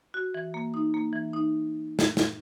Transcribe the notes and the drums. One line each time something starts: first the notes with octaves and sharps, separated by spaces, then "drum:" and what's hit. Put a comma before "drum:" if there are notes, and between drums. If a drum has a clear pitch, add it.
F#4
E3
A#3
D#4
A#3
E3
D#4
drum: snare
drum: snare